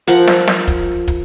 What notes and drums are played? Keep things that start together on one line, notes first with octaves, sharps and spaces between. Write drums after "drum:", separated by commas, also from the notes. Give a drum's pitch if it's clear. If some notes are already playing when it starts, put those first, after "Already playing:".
F3 A#4 F#5, drum: hi-hat
drum: snare
drum: snare
drum: kick, hi-hat
drum: kick, hi-hat